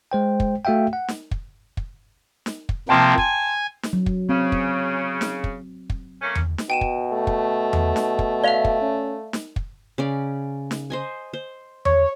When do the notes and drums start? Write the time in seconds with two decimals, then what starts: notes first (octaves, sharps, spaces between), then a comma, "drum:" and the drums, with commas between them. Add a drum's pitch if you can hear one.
0.12 G#3 C5 G5
0.40 drum: kick
0.65 A3 F#4 E5 F5 G5
0.93 F#5
1.08 drum: snare
1.31 drum: kick
1.77 drum: kick
2.46 drum: snare
2.69 drum: kick
2.89 C3 F3 A#3 G5 A5 C6
3.18 G#5, drum: kick
3.83 drum: snare
3.93 F#3
4.06 drum: kick
4.29 C#3 C4
4.52 drum: kick
5.21 drum: snare
5.44 drum: kick
5.90 drum: kick
6.22 A3 A#3 C#4
6.35 drum: tom E2
6.58 drum: snare
6.70 B2 G5 D#7 E7
6.81 drum: kick
7.12 A3
7.27 drum: kick
7.73 drum: tom E2
7.96 drum: snare
8.19 drum: kick
8.44 D5 E5 F5 F7 G7
8.65 drum: kick
8.81 C#4
9.33 drum: snare
9.56 drum: kick
9.98 C#3 C#4 D5
10.71 drum: snare
10.90 C5 D#5 G#5
11.33 C5
11.85 C#5, drum: tom E2